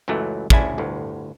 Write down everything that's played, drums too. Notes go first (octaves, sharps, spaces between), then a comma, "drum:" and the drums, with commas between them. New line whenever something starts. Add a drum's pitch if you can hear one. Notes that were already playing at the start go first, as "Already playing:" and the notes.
C#2 F#2 E3 F#3 A3
D2 C#3 D4 E4 G#5, drum: kick
G1 D2 A2